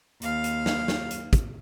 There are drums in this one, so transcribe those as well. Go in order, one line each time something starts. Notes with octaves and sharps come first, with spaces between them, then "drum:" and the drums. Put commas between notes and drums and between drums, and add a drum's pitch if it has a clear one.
D#2 F5, drum: hi-hat
drum: hi-hat
drum: snare
drum: snare
drum: hi-hat
drum: kick, hi-hat